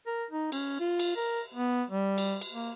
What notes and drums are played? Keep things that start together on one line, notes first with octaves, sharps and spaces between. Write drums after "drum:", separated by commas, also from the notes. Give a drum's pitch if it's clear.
A#4
D#4
C#4, drum: cymbal
F4
drum: cymbal
A#4
B3
G3
drum: cymbal
drum: cymbal
A#3